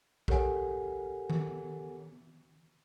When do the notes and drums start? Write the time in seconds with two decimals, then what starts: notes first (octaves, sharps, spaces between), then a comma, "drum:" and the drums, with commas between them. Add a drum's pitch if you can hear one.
0.28 G4 A4 A#4 C#5 F#5 G#5, drum: kick A#1
1.30 drum: tom D#3